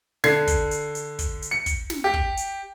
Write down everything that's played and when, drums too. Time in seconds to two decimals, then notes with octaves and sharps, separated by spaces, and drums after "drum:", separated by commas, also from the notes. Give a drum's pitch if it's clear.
0.24 D3 G#6 C7, drum: snare
0.47 drum: kick, hi-hat
0.71 drum: hi-hat
0.95 drum: hi-hat
1.19 drum: kick, hi-hat
1.42 drum: hi-hat
1.51 C#7
1.66 drum: kick, hi-hat
1.90 drum: snare
2.04 G4
2.14 drum: kick
2.37 drum: hi-hat